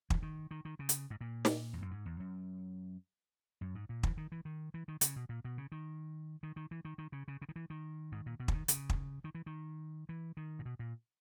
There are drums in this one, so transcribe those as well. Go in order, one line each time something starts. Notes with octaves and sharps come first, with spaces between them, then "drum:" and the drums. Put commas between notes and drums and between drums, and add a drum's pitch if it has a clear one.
E3, drum: kick
D#3
D#3
D#3
C#3
drum: hi-hat
G#2
A#2
drum: snare
E2
F#2
G#2
E2
F#2
F#2
G#2
A#2
E3, drum: kick
D#3
E3
D#3
E3
D#3
C#3, drum: hi-hat
B2
A#2
B2
C#3
D#3
D#3
D#3
E3
D#3
D#3
C#3
C#3
C#3
D#3
E3
D#3
G#2
A#2
B2
E3, drum: kick
D#3
C#3, drum: hi-hat
drum: kick
D#3
E3
D#3
E3
D#3
A#2
B2
A#2